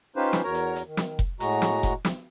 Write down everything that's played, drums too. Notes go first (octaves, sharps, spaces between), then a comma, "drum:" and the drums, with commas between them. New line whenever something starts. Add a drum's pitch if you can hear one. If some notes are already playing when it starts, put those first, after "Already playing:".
C#4 D#4 F4 G4 B4 C5
drum: snare
E2 F#4 A#4 C#5 A#5
drum: hi-hat
drum: hi-hat
D#3
drum: snare
drum: kick F1
A2 G#3 F#4 A#5, drum: hi-hat
drum: snare
drum: kick F1, hi-hat
drum: snare